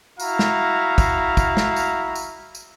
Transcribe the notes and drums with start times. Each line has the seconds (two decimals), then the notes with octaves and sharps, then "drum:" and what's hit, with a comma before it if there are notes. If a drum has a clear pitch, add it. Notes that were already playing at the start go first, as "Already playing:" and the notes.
0.20 E4 F#4 F5 A#5, drum: tambourine
0.39 drum: snare
0.98 drum: kick, tambourine
1.37 drum: kick, tambourine
1.57 drum: snare
1.76 drum: tambourine
2.16 drum: tambourine
2.55 drum: tambourine